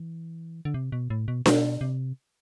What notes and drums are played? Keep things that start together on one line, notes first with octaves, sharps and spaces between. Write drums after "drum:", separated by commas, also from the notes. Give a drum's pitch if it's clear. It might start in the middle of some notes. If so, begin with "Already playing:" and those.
Already playing: E3
D3
C3
B2
A2
B2
B2, drum: snare D4
C3